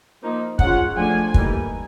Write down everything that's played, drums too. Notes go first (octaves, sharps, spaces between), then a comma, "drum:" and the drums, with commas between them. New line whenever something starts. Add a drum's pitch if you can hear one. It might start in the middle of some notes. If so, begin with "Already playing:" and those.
F3 A#3 D#4
G#3 C#4 F4 F#5, drum: kick
F3 A3 D4 F4 G#5
E3 G3 A#3 D#4, drum: kick